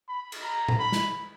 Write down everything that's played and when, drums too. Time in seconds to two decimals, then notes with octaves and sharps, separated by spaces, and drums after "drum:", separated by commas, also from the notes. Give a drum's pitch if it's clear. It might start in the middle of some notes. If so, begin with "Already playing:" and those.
0.09 B5
0.32 drum: cymbal
0.44 A#5
0.68 drum: tom A#2
0.79 B5
0.92 drum: snare